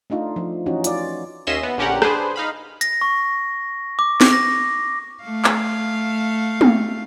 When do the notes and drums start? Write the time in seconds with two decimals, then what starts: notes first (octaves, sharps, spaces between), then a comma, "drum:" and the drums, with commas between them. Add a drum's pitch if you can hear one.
0.10 A3 D4 D#4 F4
0.36 F3
0.66 E3 C#4 D#4 F#4
0.84 F4 D5, drum: hi-hat
1.47 D#2 C#4 D#5 E5 C6 E7
1.63 B3
1.78 A#1 D3 C#4 G4 A#4 F#5
2.02 D4 G#4 B4 C5, drum: rim click
2.36 D#4 F5 B5
2.81 A#6, drum: hi-hat
3.01 C#6
3.99 D6
4.21 drum: snare
4.33 A#6
5.23 A3 F5
5.44 drum: clap
6.61 drum: tom